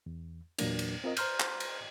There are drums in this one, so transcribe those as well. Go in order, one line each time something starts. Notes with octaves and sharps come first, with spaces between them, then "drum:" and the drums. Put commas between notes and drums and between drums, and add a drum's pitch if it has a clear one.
E2
E2 A#2 F#3 A#3 D4, drum: cymbal
drum: cymbal
C4 F4 A#4 D#5
C5 A#5 C6 F6 G6, drum: cymbal
drum: clap
drum: cymbal